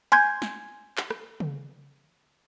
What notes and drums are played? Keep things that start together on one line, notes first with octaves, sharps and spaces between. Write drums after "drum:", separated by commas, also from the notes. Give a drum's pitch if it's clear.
G#5 C6 G6 G#6, drum: hi-hat
drum: snare
drum: clap
drum: rim click
drum: tom C#3